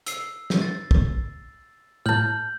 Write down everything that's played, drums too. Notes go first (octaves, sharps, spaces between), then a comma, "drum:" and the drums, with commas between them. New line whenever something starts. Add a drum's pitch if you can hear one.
E6 C7, drum: hi-hat
drum: snare
A6
drum: kick
A2 A5 F6 G6 F#7